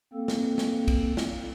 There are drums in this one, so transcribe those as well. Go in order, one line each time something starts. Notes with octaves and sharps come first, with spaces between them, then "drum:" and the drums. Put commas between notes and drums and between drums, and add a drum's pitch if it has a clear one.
A#3 C4 A4
drum: snare
drum: snare
drum: kick, cymbal
drum: snare